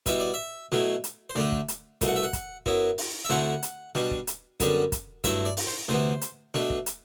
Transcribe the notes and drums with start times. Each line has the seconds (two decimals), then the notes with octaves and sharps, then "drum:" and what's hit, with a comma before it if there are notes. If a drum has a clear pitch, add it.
0.06 B2 G3 B3 E4 E5, drum: kick, hi-hat
0.20 D5
0.34 E5
0.72 B2 F#3 A3 E4, drum: snare
1.04 drum: hi-hat
1.30 C5
1.35 D2 D3 A3 D4 D5, drum: snare
1.52 drum: kick
1.68 drum: hi-hat
2.01 C2 B2 A3, drum: kick, hi-hat
2.08 F#5
2.16 E5
2.23 F#5
2.33 drum: kick, hi-hat
2.66 F#2 F#3 B3 E4, drum: kick
2.98 drum: open hi-hat
3.25 E5
3.30 D2 D3 A3 C4 E4 F#5, drum: snare
3.63 drum: hi-hat
3.95 B2 G3 D4, drum: snare
4.11 drum: kick
4.27 drum: hi-hat
4.60 F#2 D3 G3 B3 D4, drum: kick, hi-hat
4.92 drum: kick, hi-hat
5.24 G2 F#3 A3 E4 E5, drum: kick, hi-hat
5.45 D5
5.57 drum: open hi-hat
5.67 C5
5.88 D2 C3 E3 B3 C5, drum: snare
6.21 drum: hi-hat
6.54 B2 A3 D4, drum: snare
6.70 drum: kick
6.86 drum: hi-hat